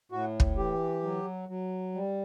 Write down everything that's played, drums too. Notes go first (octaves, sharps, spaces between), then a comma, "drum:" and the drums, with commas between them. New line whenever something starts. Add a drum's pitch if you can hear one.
A2 F#4
drum: kick
E3 G4
F#3
F#3
G3